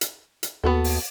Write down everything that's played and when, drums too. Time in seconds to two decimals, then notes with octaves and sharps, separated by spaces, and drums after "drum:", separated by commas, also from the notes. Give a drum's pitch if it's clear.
0.01 drum: hi-hat
0.43 drum: hi-hat
0.64 D#2 B3 F#4 A4
0.84 drum: open hi-hat